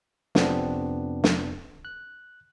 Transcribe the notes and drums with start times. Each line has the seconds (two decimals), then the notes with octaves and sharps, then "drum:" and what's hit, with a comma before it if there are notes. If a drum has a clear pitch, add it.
0.35 F2 C3 F3 B3 C4 D4, drum: snare
1.24 drum: snare
1.85 F#6